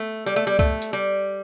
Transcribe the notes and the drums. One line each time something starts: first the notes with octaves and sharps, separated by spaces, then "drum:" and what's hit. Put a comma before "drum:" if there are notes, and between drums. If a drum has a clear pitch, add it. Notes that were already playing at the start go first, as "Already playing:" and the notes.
Already playing: A3
G3
A3
G3
A3, drum: kick C2
drum: hi-hat
G3